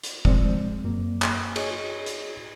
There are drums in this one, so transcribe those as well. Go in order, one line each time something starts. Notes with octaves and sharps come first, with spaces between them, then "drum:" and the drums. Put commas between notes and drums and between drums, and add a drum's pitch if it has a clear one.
drum: hi-hat
F3 G#3 C4 D5, drum: kick
F#2 A#3
drum: clap
G#4 C#5 D#5, drum: cymbal
drum: hi-hat